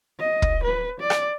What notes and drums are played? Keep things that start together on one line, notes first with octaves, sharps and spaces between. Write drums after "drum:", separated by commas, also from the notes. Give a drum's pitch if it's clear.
D#5
drum: kick
B4
D5
drum: rim click